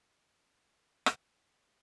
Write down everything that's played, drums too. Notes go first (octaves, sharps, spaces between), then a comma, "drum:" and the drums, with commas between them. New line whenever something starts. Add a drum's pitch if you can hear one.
B3
E2
drum: rim click
C#3